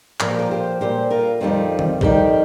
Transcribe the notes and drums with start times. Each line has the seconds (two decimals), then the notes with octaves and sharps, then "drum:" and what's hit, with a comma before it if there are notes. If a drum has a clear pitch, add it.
0.20 A#2 F3 A#4, drum: clap
0.30 G4
0.39 F4 A#4
0.51 G4 C5
0.81 A#2 G3 G4 C5
1.10 F4 A#4
1.41 F2 D#3 G3 C4 F4
1.79 drum: tom D#3
2.01 F2 D#3 G3 D#4 G4, drum: kick